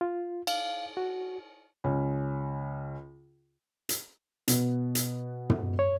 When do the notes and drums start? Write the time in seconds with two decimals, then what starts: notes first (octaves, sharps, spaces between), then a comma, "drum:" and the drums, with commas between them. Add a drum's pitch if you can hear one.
0.01 F4
0.47 F5, drum: cymbal
0.97 F#4
1.84 C#2 C#4
3.89 drum: hi-hat
4.48 B2 B3, drum: hi-hat
4.95 drum: hi-hat
5.50 drum: tom
5.79 C#5